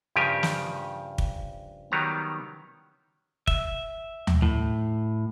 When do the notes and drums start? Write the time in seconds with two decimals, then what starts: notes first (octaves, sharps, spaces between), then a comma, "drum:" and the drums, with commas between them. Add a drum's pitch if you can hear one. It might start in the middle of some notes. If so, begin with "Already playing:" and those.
0.16 G2 C#3 F3 G4 A#4 G#5
0.43 drum: snare
1.18 drum: kick
1.92 D#3 F#3 G3 B3 A#5
3.47 E5, drum: kick
4.27 drum: tom D#2
4.42 A2